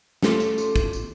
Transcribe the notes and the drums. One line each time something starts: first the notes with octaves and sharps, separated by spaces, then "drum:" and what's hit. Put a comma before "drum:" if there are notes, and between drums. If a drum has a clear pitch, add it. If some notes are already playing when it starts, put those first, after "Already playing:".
A3 C#4 F4 A4 C6 D6, drum: snare
drum: tambourine
drum: tambourine
drum: kick, tambourine
drum: tambourine